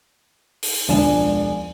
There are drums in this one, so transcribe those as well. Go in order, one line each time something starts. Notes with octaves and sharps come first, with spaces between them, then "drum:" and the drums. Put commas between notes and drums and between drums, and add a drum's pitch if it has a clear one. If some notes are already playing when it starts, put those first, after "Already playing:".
drum: open hi-hat
E1 C#2 F3 D4 G#5 E7